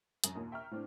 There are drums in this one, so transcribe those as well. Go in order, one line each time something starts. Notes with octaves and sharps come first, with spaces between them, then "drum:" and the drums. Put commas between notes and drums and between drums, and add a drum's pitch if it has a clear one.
F#2 D#6, drum: hi-hat
D#2 A#2
E5 G5 A#5 C#6 F6
A2 C4 D4